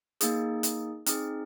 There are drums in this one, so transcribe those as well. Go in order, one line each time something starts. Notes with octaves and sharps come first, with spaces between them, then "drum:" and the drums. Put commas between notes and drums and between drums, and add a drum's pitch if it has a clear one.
A#3 D#4 G#4, drum: hi-hat
drum: hi-hat
C4 D#4 G#4, drum: hi-hat